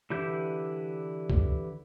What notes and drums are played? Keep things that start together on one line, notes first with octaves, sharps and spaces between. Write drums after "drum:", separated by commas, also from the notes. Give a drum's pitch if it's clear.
D3 E3 E4 G4 G6
drum: kick